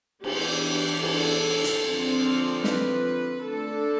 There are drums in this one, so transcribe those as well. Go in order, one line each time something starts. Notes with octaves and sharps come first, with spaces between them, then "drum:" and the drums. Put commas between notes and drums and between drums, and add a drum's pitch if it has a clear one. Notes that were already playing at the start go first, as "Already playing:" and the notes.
E3 B3 D4 G4, drum: cymbal
A4, drum: cymbal
drum: hi-hat
D3 F3 C4
B4, drum: snare
D3 A3 D4 A4